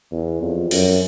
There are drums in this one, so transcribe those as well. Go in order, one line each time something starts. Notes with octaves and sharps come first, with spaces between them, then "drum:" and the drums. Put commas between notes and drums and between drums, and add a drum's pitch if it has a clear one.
E2
F2
F#2, drum: open hi-hat